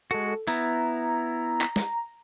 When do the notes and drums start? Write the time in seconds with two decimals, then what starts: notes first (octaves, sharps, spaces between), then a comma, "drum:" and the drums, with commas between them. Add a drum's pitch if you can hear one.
0.11 G#3 F#4 A4, drum: hi-hat
0.47 B3 E4 A#5, drum: open hi-hat
1.61 drum: clap
1.76 drum: snare